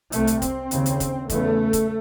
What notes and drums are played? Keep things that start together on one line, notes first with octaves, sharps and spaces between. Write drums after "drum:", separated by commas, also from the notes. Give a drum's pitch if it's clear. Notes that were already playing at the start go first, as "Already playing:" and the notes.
C2 C3 A3, drum: hi-hat
drum: hi-hat
C4, drum: kick, hi-hat
D#2 C#3, drum: hi-hat
drum: hi-hat
drum: kick, hi-hat
E2 C#3 A3, drum: kick, hi-hat
drum: kick, hi-hat